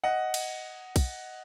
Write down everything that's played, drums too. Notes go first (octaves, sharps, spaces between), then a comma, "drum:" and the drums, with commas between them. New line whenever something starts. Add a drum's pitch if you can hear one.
D#5 F#5
drum: cymbal
drum: kick, cymbal